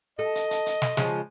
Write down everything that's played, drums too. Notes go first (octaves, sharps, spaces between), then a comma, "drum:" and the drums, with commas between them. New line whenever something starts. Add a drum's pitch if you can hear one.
A4 D#5
drum: hi-hat
drum: hi-hat
drum: hi-hat
drum: snare
C#3 F3 G#3, drum: snare